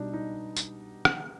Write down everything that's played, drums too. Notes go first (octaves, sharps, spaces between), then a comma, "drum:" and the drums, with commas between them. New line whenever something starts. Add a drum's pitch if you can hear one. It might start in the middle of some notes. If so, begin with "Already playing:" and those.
Already playing: B2 G3 D4 D#4
D#4
drum: tambourine
drum: rim click